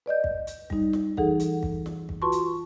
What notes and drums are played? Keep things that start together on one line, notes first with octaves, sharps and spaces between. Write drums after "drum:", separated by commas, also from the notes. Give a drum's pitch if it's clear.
B4 D5 D#5 G6
drum: kick
drum: hi-hat
G3 D#4, drum: kick
drum: snare
E3 D#4 G#4 A4 F#5, drum: kick
drum: hi-hat
drum: kick
drum: snare
drum: kick
F4 F#4 B4 A5 C6 C#6
drum: hi-hat